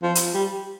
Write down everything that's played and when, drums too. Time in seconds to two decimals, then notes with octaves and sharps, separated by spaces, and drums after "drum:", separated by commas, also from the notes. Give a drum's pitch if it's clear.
0.03 F3
0.15 drum: hi-hat
0.34 G3